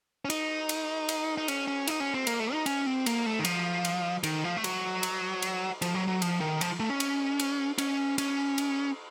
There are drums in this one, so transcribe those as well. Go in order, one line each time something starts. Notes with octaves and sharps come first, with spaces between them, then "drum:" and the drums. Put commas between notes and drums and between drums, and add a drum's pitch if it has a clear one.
C#4
D#4, drum: cymbal
drum: cymbal
drum: cymbal
D#4
C#4, drum: cymbal
C#4
D#4, drum: cymbal
C#4
C4
A#3, drum: cymbal
A3
D#4
C#4, drum: cymbal
C4
A#3, drum: cymbal
A3
D#3
F3, drum: cymbal
drum: cymbal
D#3, drum: cymbal
F3
A3
F#3, drum: cymbal
drum: cymbal
drum: cymbal
F3, drum: cymbal
F#3
F#3
F3, drum: cymbal
D#3
F3, drum: cymbal
A3
C#4
drum: cymbal
drum: cymbal
C#4, drum: cymbal
C#4, drum: cymbal
drum: cymbal